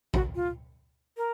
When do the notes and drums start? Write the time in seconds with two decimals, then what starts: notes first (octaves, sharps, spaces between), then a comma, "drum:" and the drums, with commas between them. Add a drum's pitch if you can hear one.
0.14 F#4, drum: kick
0.35 F4
1.17 A#4